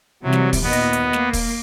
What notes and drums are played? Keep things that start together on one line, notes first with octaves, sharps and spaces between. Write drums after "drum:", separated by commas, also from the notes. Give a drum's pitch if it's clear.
C3 E3 F#3 G3
drum: snare
drum: kick, open hi-hat
D#2 A#2 B3 D#5
drum: hi-hat
drum: hi-hat
A#3, drum: snare
drum: kick, open hi-hat